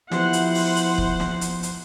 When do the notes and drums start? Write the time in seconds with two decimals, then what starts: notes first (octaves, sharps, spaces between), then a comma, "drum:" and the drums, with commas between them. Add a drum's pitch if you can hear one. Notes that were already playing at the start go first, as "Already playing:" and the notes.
0.11 F3 B3 E4 G4 C5 F#5, drum: snare
0.33 drum: hi-hat
0.55 drum: open hi-hat
0.76 drum: hi-hat
0.98 drum: kick
1.20 drum: snare
1.41 drum: hi-hat
1.63 drum: hi-hat